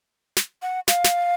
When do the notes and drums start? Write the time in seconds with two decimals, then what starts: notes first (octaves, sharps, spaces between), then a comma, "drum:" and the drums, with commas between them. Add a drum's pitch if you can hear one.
0.37 drum: snare
0.62 F#5
0.88 F5, drum: snare
1.04 drum: snare